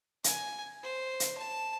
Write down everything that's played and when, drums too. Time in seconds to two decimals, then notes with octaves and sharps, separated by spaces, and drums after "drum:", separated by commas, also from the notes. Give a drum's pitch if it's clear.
0.24 G#5, drum: hi-hat
0.83 C5
1.20 drum: hi-hat
1.38 A5